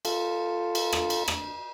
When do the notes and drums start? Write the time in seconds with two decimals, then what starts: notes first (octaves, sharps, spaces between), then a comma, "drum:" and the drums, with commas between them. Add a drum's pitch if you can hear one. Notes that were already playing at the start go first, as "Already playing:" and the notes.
0.05 F4 A4, drum: cymbal
0.75 drum: cymbal
0.93 drum: rim click
1.10 drum: cymbal
1.28 drum: rim click